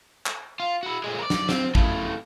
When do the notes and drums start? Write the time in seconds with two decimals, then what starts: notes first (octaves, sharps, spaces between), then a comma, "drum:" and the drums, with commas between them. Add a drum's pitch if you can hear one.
0.26 drum: clap
0.60 F4
0.83 E4 F#4
1.04 A#2 G#3
1.19 A#4 D5
1.30 drum: snare
1.49 C4, drum: snare
1.75 A2 C#3, drum: kick